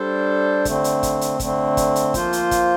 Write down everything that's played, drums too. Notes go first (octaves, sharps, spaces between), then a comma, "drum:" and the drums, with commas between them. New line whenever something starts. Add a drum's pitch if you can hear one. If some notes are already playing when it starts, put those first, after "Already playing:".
Already playing: G3 D4 A4 C5
D3 A3 C4, drum: kick, hi-hat
drum: hi-hat
drum: kick, hi-hat
drum: hi-hat
D3 A3 C4, drum: kick, hi-hat
drum: kick, hi-hat
drum: hi-hat
F3 A#3 F4 C5, drum: kick, hi-hat
drum: hi-hat
drum: kick, hi-hat